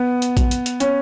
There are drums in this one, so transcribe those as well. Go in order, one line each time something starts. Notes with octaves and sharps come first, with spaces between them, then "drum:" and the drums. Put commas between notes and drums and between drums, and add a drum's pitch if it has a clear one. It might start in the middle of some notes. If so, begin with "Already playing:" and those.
Already playing: B3
drum: hi-hat
drum: kick A#1, hi-hat
drum: hi-hat
drum: hi-hat
C#4, drum: hi-hat